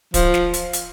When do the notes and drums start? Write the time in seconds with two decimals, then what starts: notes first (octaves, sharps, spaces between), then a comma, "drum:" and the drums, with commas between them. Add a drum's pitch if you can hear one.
0.14 F3, drum: kick, hi-hat
0.34 drum: snare
0.54 drum: hi-hat
0.73 drum: hi-hat